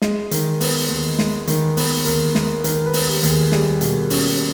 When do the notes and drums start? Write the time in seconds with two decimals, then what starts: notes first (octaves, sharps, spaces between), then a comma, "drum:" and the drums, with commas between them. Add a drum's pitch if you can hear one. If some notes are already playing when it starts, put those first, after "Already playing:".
0.02 G#3 D#5, drum: snare
0.31 D#3, drum: hi-hat
0.61 B3, drum: open hi-hat
0.89 D#2
1.19 G#3, drum: snare
1.47 D#3, drum: hi-hat
1.77 B3 B4, drum: open hi-hat
2.06 D#2 A#4, drum: hi-hat
2.35 G#3 A#4, drum: snare
2.64 D#3 A#4, drum: hi-hat
2.86 B4
2.93 B3, drum: open hi-hat
3.08 G4
3.23 D#2, drum: hi-hat
3.31 G#4
3.52 G3 G#4, drum: snare
3.81 B2, drum: hi-hat
4.10 C#4, drum: open hi-hat